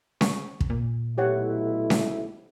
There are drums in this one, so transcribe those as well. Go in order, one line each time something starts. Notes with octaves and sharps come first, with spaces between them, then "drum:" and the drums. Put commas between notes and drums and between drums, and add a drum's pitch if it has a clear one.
C#6, drum: snare C#4
drum: kick
A#2
B1 A3 E4 G4 C#5 F#5
drum: snare C#4